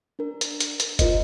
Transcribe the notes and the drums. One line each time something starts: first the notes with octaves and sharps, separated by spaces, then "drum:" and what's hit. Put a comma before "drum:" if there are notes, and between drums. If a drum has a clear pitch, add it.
D4 A#4
drum: hi-hat
drum: hi-hat
drum: hi-hat
F4 A#4 C5 D#5, drum: kick F#1, hi-hat